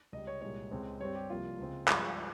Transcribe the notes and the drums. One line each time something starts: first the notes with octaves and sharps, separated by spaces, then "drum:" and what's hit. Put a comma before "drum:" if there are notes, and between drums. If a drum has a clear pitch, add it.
C#2 C3 G3 D#5
C#5
C2 A#2 G#3 C#5
C#2 C#3 G#3 C4
G2 G3 C4 C#5
G4
C2 C3 F3 A#3 F4
C#2 C#3 G#3 C4
G2 F3 G#3 C4, drum: clap